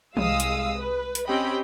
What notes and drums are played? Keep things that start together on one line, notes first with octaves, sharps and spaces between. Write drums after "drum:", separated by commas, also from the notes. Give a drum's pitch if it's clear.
C2 G#3 F5 D#6 E6, drum: tom
drum: hi-hat
B4
drum: hi-hat
C4 C#4 G4 D#5 G5 B5